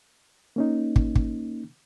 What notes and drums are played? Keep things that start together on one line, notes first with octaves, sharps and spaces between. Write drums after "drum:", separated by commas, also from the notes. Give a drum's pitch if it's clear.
A#3 C#4 D#4
drum: kick
drum: kick